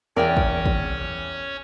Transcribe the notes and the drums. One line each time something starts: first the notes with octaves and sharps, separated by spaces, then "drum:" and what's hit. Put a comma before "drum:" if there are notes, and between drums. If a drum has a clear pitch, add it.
E2 C#4 A#4 C#5 D5 G5
drum: kick
drum: kick